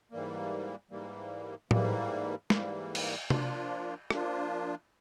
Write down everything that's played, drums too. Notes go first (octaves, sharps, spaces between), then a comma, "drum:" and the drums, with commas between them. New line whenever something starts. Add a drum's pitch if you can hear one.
G#2 E3 G3 A#3
G#2 E3 G3 A#3
G#2 E3 G3 A#3, drum: tom A2
G#2 E3 G3 A#3, drum: snare
drum: cymbal
F3 A#3 D4 F4, drum: tom C3
F3 A#3 D4 F4, drum: rim click